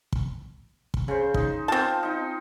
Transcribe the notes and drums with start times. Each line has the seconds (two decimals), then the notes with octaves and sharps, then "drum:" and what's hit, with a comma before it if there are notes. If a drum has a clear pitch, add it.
0.12 drum: kick
0.94 drum: kick
1.08 C#3 C5
1.34 D#4, drum: kick
1.68 C4 F4 A5
2.03 D#4 G5